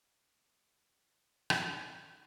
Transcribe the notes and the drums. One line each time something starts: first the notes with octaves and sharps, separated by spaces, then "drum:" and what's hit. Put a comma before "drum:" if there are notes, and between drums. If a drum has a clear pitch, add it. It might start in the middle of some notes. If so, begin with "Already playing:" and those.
C3
drum: rim click
G#3